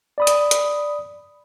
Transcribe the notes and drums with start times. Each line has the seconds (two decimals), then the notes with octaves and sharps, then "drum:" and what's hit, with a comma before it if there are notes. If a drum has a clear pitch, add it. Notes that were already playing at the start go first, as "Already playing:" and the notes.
0.18 D5 B5 D#6
0.27 drum: hi-hat
0.51 drum: hi-hat